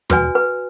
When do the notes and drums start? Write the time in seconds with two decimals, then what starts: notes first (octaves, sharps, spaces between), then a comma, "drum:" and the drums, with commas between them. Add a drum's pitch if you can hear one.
0.10 F#4 B4 D5 G#5, drum: tom
0.35 B4